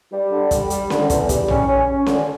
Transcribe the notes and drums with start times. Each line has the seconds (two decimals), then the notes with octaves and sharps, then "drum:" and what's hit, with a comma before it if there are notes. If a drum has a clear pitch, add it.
0.12 G3
0.31 D3
0.51 G3, drum: kick, hi-hat
0.70 G3, drum: hi-hat
0.90 D3, drum: snare C#4
1.10 E2, drum: kick, hi-hat
1.29 G3, drum: kick, hi-hat
1.48 C#4, drum: tom A#1
1.68 C#4
1.87 C#4
2.06 D3, drum: snare C#4